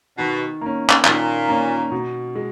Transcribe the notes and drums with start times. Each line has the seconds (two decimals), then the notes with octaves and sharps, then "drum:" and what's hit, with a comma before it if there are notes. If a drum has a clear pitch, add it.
0.18 B2 D#3
0.61 A#3 C#4
0.90 drum: clap
1.05 A#2 D#3, drum: clap
1.49 A#3 C#4
1.91 B2
2.35 G#3